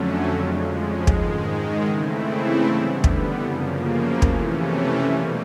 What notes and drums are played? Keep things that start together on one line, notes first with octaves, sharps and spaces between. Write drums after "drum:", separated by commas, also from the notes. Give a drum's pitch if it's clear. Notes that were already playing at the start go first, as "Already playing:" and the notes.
Already playing: F2 D3 F#3 A3 C#4
F2 C#3 F3 G#3
G#2 D#3 G#3, drum: kick
C#3 E3 A3 C4 E4
D3 G3 B3
drum: kick
F#2 C#3 F3 A#3
C3 E3 A3 C#4, drum: kick
B2 G3 A#3